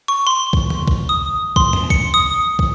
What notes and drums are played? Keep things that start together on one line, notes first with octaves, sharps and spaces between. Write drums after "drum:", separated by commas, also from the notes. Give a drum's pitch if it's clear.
C#6
C6
drum: kick
drum: tom D3
drum: kick
D#6
C6, drum: kick
drum: tom F#2
C#7, drum: kick
D#6
drum: kick